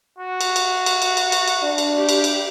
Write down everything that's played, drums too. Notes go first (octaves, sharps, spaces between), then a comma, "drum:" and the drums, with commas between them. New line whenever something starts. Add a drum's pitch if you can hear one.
F#4
drum: cymbal
drum: cymbal
drum: cymbal
drum: cymbal
drum: cymbal
drum: cymbal
drum: cymbal
D4
drum: cymbal
G4
drum: cymbal
drum: cymbal